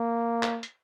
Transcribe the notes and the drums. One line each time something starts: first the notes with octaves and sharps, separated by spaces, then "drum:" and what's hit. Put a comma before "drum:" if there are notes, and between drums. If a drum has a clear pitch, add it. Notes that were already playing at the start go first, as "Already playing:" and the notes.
Already playing: A#3
drum: clap
drum: hi-hat